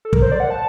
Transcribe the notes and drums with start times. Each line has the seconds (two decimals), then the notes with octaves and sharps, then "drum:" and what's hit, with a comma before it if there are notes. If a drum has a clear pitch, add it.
0.05 A4
0.13 A#4, drum: kick
0.22 C5
0.32 D5
0.40 F#5
0.50 A5